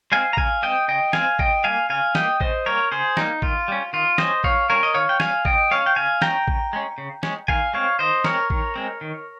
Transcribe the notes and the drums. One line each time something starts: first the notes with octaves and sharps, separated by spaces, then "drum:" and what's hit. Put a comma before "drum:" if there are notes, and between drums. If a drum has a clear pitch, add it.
G#3 C4 F5 G#5
A#5
C#3 F5 G#5, drum: kick A1
G#3 C4 D#5 G5
C#3 D#5 G5
G#3 C4 F5 G#5, drum: snare
C#3 D#5 G5, drum: kick A1
G3 A#3 F5 G#5
C#3 F5 G#5
G3 A#3 D#5 G5, drum: snare
C#3 C5 D#5, drum: kick A1
G3 A#3 A#4 C#5
C#3 G#4 C5
G3 A#3 D#4, drum: snare
D#3 F4, drum: kick A1
G3 C#4
D#3 F4
G3 C#4 C5 D#5, drum: snare
D#3 C#5 F5, drum: kick A1
G3 C#4 A#4 C#5
D#5
D#3 C#5 F5
G5
G3 C#4 F5 G#5, drum: snare
C#3 D#5 G5, drum: kick A1
G#3 C#4 C#5 F5
G5
C#3 F5 G#5
G#3 C#4 G5 A#5, drum: snare
C#3, drum: kick A1
G#3 C#4
C#3
G#3 C#4, drum: snare
D#3 F5 G#5, drum: kick A1
G#3 C4 C#5 F5
D#3 C5 D#5
G#3 C4 A#4 C#5, drum: snare
D#3, drum: kick A1
G#3 C4
D#3